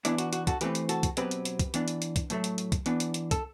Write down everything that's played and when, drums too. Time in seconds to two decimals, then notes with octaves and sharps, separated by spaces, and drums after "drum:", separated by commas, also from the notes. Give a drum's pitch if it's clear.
0.05 E3 B3 D4 E4, drum: hi-hat
0.18 F#4, drum: hi-hat
0.33 F#4, drum: hi-hat
0.47 F#4 A4, drum: kick, hi-hat
0.61 E3 A3 C4 G4 B4, drum: hi-hat
0.75 drum: hi-hat
0.89 F#4 A4, drum: hi-hat
1.03 drum: kick, hi-hat
1.17 B2 F#3 C4 G4 B4, drum: hi-hat
1.31 drum: hi-hat
1.45 drum: hi-hat
1.59 drum: kick, hi-hat
1.74 E3 B3 D4, drum: hi-hat
1.88 drum: hi-hat
2.02 drum: hi-hat
2.16 drum: kick, hi-hat
2.30 A2 F#3 A3, drum: hi-hat
2.44 drum: hi-hat
2.58 drum: hi-hat
2.72 drum: kick, hi-hat
2.86 E3 B3 D4, drum: hi-hat
3.00 drum: hi-hat
3.14 drum: hi-hat
3.31 A4, drum: kick, hi-hat